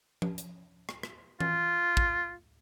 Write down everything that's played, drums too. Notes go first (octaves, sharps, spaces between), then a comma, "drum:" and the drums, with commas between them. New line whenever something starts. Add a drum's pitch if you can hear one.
drum: tom F3
drum: hi-hat
drum: rim click
drum: rim click
F4, drum: tom E3
drum: kick